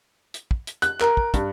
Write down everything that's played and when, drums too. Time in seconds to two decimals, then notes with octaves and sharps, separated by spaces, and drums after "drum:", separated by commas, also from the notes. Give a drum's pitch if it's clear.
0.34 drum: hi-hat
0.51 drum: kick
0.67 drum: hi-hat
0.82 F#6, drum: hi-hat
1.01 A#4, drum: clap
1.17 drum: kick
1.34 G2, drum: kick, hi-hat